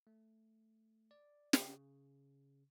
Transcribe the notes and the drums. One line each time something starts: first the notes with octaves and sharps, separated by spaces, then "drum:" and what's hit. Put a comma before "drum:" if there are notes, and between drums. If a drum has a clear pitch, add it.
A3
D5
C#3, drum: snare